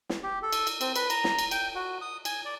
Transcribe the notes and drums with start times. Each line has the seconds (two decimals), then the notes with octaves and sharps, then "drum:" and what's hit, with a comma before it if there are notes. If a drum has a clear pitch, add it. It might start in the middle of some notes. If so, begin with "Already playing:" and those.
0.09 drum: snare
0.23 G4
0.43 A4
0.53 drum: cymbal
0.67 drum: cymbal
0.81 C4, drum: cymbal
0.96 B4, drum: cymbal
1.10 A#5, drum: cymbal
1.24 drum: snare
1.39 drum: cymbal
1.51 G5, drum: cymbal
1.75 F#4
2.01 D#6
2.25 G#5, drum: cymbal
2.45 D5